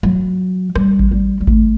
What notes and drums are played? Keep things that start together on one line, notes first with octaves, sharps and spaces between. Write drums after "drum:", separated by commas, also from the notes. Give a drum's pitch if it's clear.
F#3
G3, drum: rim click
drum: kick G#1
G3
G3
A3, drum: kick G#1